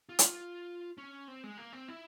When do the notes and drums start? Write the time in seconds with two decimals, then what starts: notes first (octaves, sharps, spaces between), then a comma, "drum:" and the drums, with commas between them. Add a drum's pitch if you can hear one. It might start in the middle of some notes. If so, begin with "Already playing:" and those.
0.09 F4
0.19 drum: hi-hat
0.98 C#4
1.28 C4
1.44 G#3
1.58 A#3
1.73 C4
1.88 E4